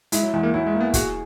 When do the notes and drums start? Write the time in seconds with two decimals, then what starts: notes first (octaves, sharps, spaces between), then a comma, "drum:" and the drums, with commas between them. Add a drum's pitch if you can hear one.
0.12 G#3 E4, drum: hi-hat
0.23 F#3
0.33 E2 G#3
0.43 A#3
0.54 F#3 E4
0.66 G#3
0.74 A#3
0.81 B3
0.94 F#4 G#4, drum: kick, hi-hat